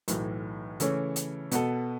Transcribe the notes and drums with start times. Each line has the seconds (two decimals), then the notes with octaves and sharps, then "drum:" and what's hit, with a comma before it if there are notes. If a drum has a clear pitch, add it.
0.08 B1 A2 E3, drum: hi-hat
0.80 C#3 E3 A3 C#4, drum: hi-hat
1.16 drum: hi-hat
1.51 B2 B3 A4, drum: hi-hat